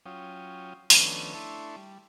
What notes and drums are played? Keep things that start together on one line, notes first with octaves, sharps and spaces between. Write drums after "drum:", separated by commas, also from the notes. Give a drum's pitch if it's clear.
F#3 C#4 F4 G5 D#6
D#3 F3 A3 B3 C#4 D4, drum: open hi-hat
A3 D4 E4 A5 C6 C#6
G3